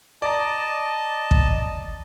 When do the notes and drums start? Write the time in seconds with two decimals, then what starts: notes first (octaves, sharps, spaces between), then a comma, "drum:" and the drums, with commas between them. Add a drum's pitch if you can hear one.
0.22 D5 D#5 A5 A#5
1.31 drum: kick